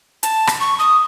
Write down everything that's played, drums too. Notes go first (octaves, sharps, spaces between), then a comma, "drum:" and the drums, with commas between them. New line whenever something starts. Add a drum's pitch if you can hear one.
A5, drum: hi-hat
drum: rim click
C#6
D#6